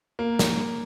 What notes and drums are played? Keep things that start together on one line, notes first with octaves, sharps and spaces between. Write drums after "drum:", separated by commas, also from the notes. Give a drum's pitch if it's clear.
A#3
drum: snare